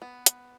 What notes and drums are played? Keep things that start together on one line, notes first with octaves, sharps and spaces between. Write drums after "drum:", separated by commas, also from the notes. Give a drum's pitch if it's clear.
B3
drum: hi-hat